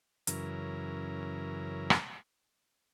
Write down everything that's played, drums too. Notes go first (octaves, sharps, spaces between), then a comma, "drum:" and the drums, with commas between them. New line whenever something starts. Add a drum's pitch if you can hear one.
F#2 C#3 E3 A#4, drum: hi-hat
drum: rim click